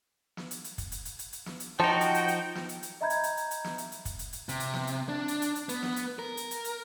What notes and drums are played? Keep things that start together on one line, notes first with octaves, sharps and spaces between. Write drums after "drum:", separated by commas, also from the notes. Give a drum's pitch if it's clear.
drum: snare
drum: hi-hat
drum: hi-hat
drum: kick, hi-hat
drum: hi-hat
drum: hi-hat
drum: hi-hat
drum: hi-hat
drum: snare
drum: hi-hat
F3 D#4 F#4 G5 A5
drum: hi-hat
drum: hi-hat
drum: hi-hat
drum: snare
drum: hi-hat
drum: hi-hat
D#5 E5 A#5 B5 G6 G#6
drum: hi-hat
drum: hi-hat
drum: hi-hat
drum: hi-hat
drum: snare
drum: hi-hat
drum: hi-hat
drum: kick, hi-hat
drum: hi-hat
drum: hi-hat
C3, drum: hi-hat
drum: hi-hat
drum: snare
drum: hi-hat
D4
drum: hi-hat
drum: hi-hat
drum: hi-hat
B3, drum: hi-hat
drum: snare
drum: hi-hat
A#4
drum: hi-hat
drum: hi-hat
drum: hi-hat